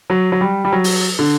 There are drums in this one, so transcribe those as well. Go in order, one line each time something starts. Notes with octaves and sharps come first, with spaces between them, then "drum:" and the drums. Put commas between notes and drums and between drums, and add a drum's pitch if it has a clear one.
F#3
F#3
G3
G3
F#3
drum: open hi-hat
D3